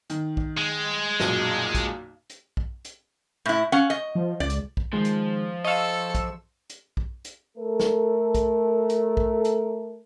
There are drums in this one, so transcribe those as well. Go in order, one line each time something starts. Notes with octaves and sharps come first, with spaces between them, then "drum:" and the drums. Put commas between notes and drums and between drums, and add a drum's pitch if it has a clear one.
D#3, drum: hi-hat
drum: kick
G#3
B1 F#2 A#2, drum: snare
drum: kick, hi-hat
drum: hi-hat
drum: kick
drum: hi-hat
A2 E4
C#4 F5 F#5
D#5
F3
C#2 D5
drum: hi-hat
drum: kick
D#3 F3 G#3
drum: hi-hat
A4 D#5 F5 C#6 E6
drum: kick, hi-hat
drum: hi-hat
drum: kick
drum: hi-hat
A3 A4 A#4
drum: snare
drum: kick, hi-hat
drum: hi-hat
drum: kick
drum: hi-hat